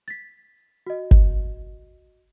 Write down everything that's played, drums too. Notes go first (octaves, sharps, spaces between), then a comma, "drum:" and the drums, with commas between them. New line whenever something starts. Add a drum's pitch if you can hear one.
A6 B6
F#4 D#5
drum: kick G#1